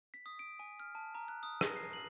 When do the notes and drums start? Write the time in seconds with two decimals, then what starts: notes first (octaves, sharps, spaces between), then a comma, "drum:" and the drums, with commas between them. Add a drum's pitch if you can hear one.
0.14 B6
0.26 D#6
0.39 D7
0.59 G#5
0.80 F6
0.95 A5
1.15 A#5
1.28 F#6
1.43 D#6
1.61 A#6, drum: rim click
1.76 C7
1.93 F#7